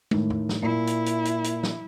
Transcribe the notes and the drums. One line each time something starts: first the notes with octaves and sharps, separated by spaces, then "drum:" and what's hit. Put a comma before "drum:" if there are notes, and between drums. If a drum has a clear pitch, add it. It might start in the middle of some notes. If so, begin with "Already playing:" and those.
A2 D#3, drum: tom
drum: tom E2
drum: snare
A#2 E4
drum: hi-hat
drum: hi-hat
drum: hi-hat
drum: hi-hat
drum: snare